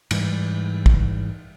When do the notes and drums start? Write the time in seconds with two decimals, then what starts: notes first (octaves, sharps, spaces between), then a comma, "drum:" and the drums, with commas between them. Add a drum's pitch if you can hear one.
0.11 G#2 E3 G3, drum: cymbal
0.86 drum: kick